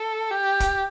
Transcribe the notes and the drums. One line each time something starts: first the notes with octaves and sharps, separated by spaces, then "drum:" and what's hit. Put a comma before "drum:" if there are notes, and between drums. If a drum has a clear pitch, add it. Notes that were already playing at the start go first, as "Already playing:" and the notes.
Already playing: A4
G4
drum: kick, hi-hat